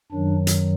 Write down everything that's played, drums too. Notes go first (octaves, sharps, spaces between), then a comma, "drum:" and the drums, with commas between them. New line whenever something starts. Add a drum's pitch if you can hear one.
F#2 D#3 F#3 D4
drum: hi-hat